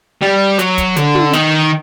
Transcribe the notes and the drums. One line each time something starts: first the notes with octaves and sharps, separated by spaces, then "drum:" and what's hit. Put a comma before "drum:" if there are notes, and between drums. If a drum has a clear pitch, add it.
G3
F#3, drum: hi-hat
drum: kick, hi-hat
D3, drum: hi-hat
drum: tom
D#3, drum: hi-hat